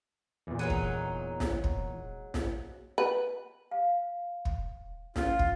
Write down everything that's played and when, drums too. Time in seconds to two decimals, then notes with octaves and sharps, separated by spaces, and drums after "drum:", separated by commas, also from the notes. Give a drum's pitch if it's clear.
0.47 E2 A#2
0.59 F#3 G#3 D#4
0.70 drum: kick
1.40 drum: snare
1.64 drum: kick
2.34 drum: snare
2.98 B4
3.71 F5
4.45 drum: kick
5.16 C#4 F4, drum: snare
5.39 drum: kick